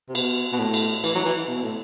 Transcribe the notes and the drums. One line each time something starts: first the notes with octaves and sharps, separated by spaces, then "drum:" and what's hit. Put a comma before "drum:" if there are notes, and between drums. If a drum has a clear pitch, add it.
C3
B2, drum: cymbal
B2
A2
drum: cymbal
E3, drum: cymbal
F#3
E3
B2
A2